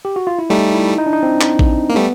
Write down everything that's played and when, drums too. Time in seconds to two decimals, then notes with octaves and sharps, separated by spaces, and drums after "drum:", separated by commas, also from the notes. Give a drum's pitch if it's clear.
0.05 G4
0.16 F#4
0.27 F4
0.39 E4
0.50 G3 A3 D#4
0.74 E4
0.98 D#4
1.06 D4
1.13 D#4
1.23 C4
1.41 drum: clap
1.59 drum: kick A#1
1.90 A#3
1.96 G3 A3 B3